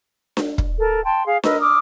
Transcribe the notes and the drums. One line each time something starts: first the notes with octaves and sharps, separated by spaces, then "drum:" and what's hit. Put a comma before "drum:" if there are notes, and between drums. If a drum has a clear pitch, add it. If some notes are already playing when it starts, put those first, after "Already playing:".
drum: snare D4
drum: kick
A4 A#4
G5 A5 C6
G#4 F5
A#4 B4 D#5 E6, drum: snare D4
D6 D#6 F6